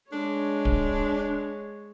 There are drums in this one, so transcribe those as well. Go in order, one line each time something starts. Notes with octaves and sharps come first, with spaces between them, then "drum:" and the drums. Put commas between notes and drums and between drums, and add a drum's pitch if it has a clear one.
G#3 D4 C#5
drum: kick D1